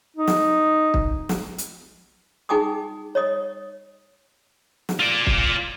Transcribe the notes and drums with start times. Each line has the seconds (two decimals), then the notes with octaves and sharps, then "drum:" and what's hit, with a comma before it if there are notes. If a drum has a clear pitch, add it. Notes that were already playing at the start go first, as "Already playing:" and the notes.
0.17 D#4
0.27 drum: snare
0.94 drum: kick
1.29 drum: snare
1.58 drum: hi-hat
2.49 D#4 G#4 G5 G#5 D6 D#6
3.15 C#5 D#5 D#6
4.89 drum: snare
5.00 F4 D5
5.27 drum: kick